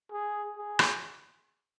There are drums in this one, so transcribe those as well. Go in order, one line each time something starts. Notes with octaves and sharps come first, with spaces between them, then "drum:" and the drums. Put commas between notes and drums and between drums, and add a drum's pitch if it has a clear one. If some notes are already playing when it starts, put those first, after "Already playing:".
G#4
G#4
drum: rim click